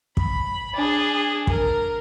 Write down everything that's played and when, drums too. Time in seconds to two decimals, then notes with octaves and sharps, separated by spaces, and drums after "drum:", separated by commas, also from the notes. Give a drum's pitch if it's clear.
0.17 B5, drum: kick
0.74 D4 G#4
1.47 A#4, drum: kick